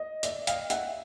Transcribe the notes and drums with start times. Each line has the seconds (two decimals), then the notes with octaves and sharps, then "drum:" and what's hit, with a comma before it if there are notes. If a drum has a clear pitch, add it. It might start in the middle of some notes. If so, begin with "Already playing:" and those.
Already playing: D#5
0.23 D5 E5, drum: hi-hat
0.47 D#5 F5, drum: hi-hat
0.70 E5 F#5, drum: hi-hat